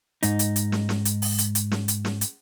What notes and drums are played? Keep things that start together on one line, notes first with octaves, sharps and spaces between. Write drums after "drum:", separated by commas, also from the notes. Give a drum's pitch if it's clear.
G#2 D#4, drum: hi-hat
drum: hi-hat
drum: hi-hat
drum: snare
drum: snare
drum: hi-hat
drum: open hi-hat
drum: hi-hat
drum: hi-hat
drum: snare
drum: hi-hat
drum: snare
drum: hi-hat